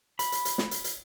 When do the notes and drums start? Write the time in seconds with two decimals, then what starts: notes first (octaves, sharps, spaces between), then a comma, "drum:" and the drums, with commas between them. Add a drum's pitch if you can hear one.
0.19 B5, drum: hi-hat
0.32 drum: hi-hat
0.45 drum: hi-hat
0.58 drum: snare
0.71 drum: hi-hat
0.84 drum: hi-hat